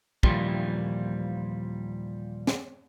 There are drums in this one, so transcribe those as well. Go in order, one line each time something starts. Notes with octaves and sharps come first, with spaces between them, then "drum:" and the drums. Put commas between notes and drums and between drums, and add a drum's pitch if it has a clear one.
D#2 A#2 E3 F3 G3, drum: kick
drum: snare